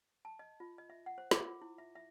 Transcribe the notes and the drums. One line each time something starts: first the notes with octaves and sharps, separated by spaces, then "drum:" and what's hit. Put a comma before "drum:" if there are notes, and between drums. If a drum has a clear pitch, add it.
A5
D#5
F4
D#5
E5
F#5
C5
D6, drum: snare
F4
E4
E5
E5